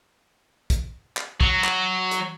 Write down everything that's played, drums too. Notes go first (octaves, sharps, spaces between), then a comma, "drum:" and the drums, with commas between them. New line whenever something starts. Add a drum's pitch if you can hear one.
drum: kick, hi-hat
drum: clap
F#3 F#4, drum: kick
drum: clap
drum: hi-hat